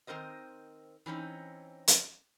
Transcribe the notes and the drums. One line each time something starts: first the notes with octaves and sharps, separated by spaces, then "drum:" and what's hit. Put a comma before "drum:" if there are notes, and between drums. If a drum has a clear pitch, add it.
D#3 C4 A#4 C5 D#5
E3 C4 C#4 D#4
drum: hi-hat